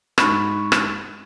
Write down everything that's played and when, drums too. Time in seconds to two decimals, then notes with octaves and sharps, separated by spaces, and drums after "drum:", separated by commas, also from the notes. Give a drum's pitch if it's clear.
0.18 G#2 B5 C#6, drum: rim click
0.72 drum: rim click